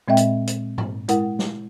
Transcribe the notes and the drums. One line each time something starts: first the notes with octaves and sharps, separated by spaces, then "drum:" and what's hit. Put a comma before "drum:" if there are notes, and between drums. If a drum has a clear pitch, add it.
A#2 G#3 C4 D#5 E5 G5
drum: hi-hat
drum: hi-hat
drum: tom G#2
G#3 E4 A#4 F#5, drum: hi-hat
drum: snare